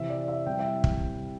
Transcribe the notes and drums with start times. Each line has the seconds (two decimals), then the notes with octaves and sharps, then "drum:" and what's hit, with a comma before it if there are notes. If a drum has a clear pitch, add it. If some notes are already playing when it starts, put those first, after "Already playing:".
Already playing: C3 E3 C4 E5
0.09 D5
0.28 E5
0.46 C3 G3 E4 G5
0.59 E5
0.84 drum: kick